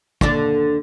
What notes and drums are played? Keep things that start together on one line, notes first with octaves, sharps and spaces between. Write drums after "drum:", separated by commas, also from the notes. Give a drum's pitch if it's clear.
D#2 D3 D4, drum: kick